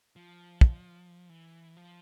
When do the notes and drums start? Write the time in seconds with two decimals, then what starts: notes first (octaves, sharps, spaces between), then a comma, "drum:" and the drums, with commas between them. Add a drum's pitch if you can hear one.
0.16 F3
0.61 drum: kick
1.30 E3
1.77 F3